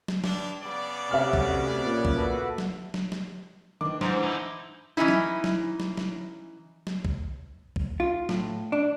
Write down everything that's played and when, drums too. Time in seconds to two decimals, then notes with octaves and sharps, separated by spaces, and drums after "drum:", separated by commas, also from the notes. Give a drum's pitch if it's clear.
0.08 drum: snare
0.24 G2 D4, drum: snare
0.62 C#3 B3 D5
1.11 C3 A3 C#4 F#4 E5 F6
1.33 drum: kick
1.84 A#2 C#4
2.05 drum: kick
2.16 F#4 A4 B4
2.58 drum: snare
2.94 drum: snare
3.12 drum: snare
3.81 D#3 E3 D4 D6
4.01 G#2 C5 A#5 F7, drum: snare
4.23 D#4 E4
4.97 E3 C4 C#4 D#4 E4
5.08 drum: snare
5.44 drum: snare
5.80 drum: snare
5.97 drum: snare
6.87 drum: snare
7.05 drum: kick
7.76 drum: kick
8.00 F4
8.29 A2, drum: snare
8.72 D4